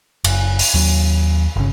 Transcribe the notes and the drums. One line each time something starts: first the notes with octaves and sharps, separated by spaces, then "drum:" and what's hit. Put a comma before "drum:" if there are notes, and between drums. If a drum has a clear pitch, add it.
F#1, drum: cymbal
drum: open hi-hat
D#2 F#3
G1 C#3